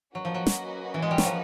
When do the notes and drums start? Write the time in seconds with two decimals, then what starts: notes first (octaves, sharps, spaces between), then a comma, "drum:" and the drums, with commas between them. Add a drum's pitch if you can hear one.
0.15 F#3 A#3 C#4 F#4 B4 D#5
0.25 F3
0.34 F#3
0.47 drum: snare
0.94 E3
1.02 G#3
1.11 G3
1.18 F#3, drum: snare
1.26 F3